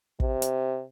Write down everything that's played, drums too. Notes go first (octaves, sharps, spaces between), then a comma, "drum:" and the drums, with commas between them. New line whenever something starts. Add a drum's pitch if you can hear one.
C3, drum: kick
drum: hi-hat